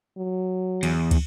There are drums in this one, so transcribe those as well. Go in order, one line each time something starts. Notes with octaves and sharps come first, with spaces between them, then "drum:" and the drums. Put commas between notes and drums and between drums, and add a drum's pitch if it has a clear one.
F#3
E2, drum: cymbal
drum: kick, cymbal